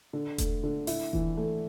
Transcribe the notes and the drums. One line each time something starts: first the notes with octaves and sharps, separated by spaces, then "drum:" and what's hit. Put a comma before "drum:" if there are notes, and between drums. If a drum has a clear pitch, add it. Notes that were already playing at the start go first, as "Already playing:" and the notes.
D3
A3, drum: kick E1, hi-hat
D3
E4, drum: open hi-hat
E3, drum: kick E1
A3